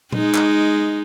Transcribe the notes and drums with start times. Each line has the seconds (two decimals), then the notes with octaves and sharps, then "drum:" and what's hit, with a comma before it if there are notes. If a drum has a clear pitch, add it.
0.12 G#3 D#4, drum: tom A#2
0.35 drum: clap